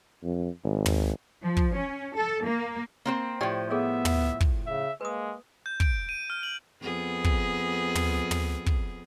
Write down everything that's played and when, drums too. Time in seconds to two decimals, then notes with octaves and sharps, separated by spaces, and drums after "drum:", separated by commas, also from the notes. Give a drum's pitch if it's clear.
0.23 F2
0.64 G#1
0.86 drum: tom
1.44 F3
1.57 drum: kick
1.75 C#4
2.15 A4
2.44 A#3
3.05 A#3 C4 C5
3.41 A2 F3 G4 C5 D5 G5
3.70 B3 G#4 A4 C#5 E5
4.05 F#5, drum: tom
4.41 drum: kick
4.66 C#3 E5
5.01 G#3 A#3 B4 D#6
5.66 G6
5.80 D7, drum: kick
6.09 D#7
6.30 F6
6.43 F#7
6.81 F2 B3 G#4
7.24 drum: kick
7.95 drum: tom
8.31 drum: tom
8.66 drum: kick